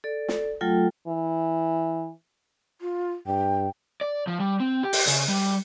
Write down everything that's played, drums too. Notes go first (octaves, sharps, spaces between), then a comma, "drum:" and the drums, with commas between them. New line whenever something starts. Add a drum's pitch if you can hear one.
A4 D5
drum: snare
F#3 A3 F4 A4 G5
E3
F4
G2 G5
D5
F3
G3
C4
G4
drum: open hi-hat
C#3, drum: hi-hat
G3